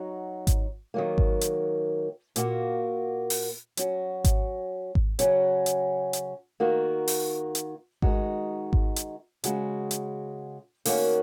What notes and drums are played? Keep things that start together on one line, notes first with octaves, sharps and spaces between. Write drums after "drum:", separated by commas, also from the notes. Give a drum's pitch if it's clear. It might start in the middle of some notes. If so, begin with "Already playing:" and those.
Already playing: F#3 D#4 F#4
drum: kick G#1, hi-hat
D#3 F#3 A#3
drum: kick G#1
drum: hi-hat
A#2 A#3 F#4, drum: hi-hat
drum: open hi-hat
F#3 C#4 F#4, drum: hi-hat
drum: kick G#1, hi-hat
drum: kick G#1
C#3 F#3 C#4 F#4, drum: hi-hat
drum: hi-hat
drum: hi-hat
D#3 A#3 F#4
drum: open hi-hat
drum: hi-hat
D#3 G#3 D#4 F#4, drum: kick G#1
drum: kick G#1
drum: hi-hat
C#3 G#3 F#4, drum: hi-hat
drum: hi-hat
D#3 A#3 C#4 F#4, drum: open hi-hat